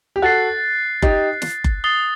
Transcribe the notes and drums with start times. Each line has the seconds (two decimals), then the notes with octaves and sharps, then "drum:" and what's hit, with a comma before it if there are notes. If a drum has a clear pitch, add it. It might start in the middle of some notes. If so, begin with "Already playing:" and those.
0.16 G4
0.22 F#4 A4 F#6 A6 C7
1.02 D#4 G4, drum: kick F#1
1.42 drum: snare
1.64 drum: kick F#1
1.84 D#6 A6 C7 G7